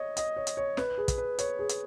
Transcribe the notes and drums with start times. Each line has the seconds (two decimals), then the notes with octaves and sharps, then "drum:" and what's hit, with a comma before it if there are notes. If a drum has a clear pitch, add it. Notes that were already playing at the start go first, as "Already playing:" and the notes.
Already playing: C#5 D#5
0.17 D#5, drum: hi-hat
0.37 C#5
0.47 drum: hi-hat
0.57 C#5
0.77 B4, drum: snare
0.98 G#4
1.08 drum: kick, hi-hat
1.18 B4
1.39 C#5, drum: hi-hat
1.59 G#4
1.69 drum: hi-hat